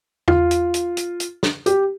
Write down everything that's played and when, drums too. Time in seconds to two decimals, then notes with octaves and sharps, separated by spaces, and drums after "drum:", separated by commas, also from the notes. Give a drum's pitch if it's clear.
0.28 F4, drum: tom
0.51 drum: hi-hat
0.74 drum: hi-hat
0.97 drum: hi-hat
1.20 drum: hi-hat
1.43 drum: snare
1.66 G4, drum: hi-hat